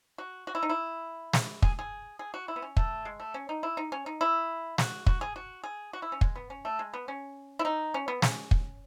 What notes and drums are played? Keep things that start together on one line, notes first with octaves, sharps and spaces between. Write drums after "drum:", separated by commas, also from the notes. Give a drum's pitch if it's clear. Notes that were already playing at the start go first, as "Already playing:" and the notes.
F#4
F#4
E4
D#4
E4
drum: snare
G#4, drum: kick
G#4
G#4
F#4
E4
B3
C#4
A3, drum: kick
G#3
A3
C#4
D#4
E4
D#4
C#4
D#4
E4
F#4, drum: snare
F#4, drum: kick
G#4
F#4
G#4
F#4
E4
C#4
G#3, drum: kick
B3
C#4
A3
G#3
B3
C#4
E4
D#4
C#4
B3
C#4, drum: snare
drum: kick